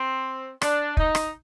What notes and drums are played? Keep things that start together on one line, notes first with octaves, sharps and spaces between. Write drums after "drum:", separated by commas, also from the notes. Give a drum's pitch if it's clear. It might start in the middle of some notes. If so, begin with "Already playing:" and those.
Already playing: C4
D4, drum: rim click
D#4, drum: kick
drum: rim click